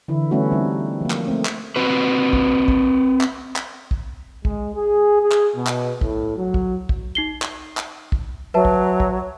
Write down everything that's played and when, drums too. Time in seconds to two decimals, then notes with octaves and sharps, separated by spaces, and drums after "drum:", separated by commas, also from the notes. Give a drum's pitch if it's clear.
0.08 D3 E3 E4
0.31 G3 A3 B3 C#4 E4 F#4
0.52 G3 C4 D#4
1.01 F3 A#3
1.10 drum: clap
1.28 A3 C4
1.45 drum: clap
1.76 C4 F#4 B4
2.33 drum: kick
2.68 drum: kick
3.21 drum: clap
3.56 drum: clap
3.91 drum: kick
4.45 G#3, drum: kick
4.75 G#4
5.21 G#4
5.31 drum: clap
5.55 B2
5.66 drum: clap
6.01 A2, drum: kick
6.37 F#3
6.54 drum: kick
6.89 drum: kick
7.15 D#4 C7 G7
7.42 drum: clap
7.77 drum: clap
8.12 drum: kick
8.54 F#3 B4 E5 A5
8.65 drum: kick
9.00 drum: kick